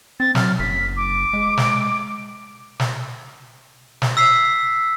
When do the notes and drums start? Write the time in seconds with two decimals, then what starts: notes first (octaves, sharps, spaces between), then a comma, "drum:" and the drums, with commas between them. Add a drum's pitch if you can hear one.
0.20 C4 A6
0.35 F#3 F6, drum: snare
0.59 F#1 B6
0.96 D6
1.33 G#3
1.57 drum: snare
2.80 drum: snare
4.02 drum: snare
4.17 E6 B6 C7